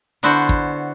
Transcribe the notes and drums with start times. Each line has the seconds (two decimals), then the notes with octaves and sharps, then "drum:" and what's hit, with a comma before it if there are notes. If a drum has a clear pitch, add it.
0.23 D3 B3 E4 F#4 C5
0.49 drum: kick